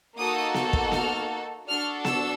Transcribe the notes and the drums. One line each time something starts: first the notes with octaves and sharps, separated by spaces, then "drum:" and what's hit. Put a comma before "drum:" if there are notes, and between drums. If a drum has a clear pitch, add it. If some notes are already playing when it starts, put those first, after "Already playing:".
A#3 D#4 F#4 A4 D#6
drum: snare B3
drum: kick
F6, drum: snare B3
D4 F#4 A4 F6
E6, drum: snare B3